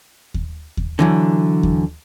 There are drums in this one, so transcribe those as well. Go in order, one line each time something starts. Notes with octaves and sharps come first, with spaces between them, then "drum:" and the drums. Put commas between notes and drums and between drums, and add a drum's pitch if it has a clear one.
drum: kick D#2
drum: kick D#2
D3 E3 F#3
drum: kick D#2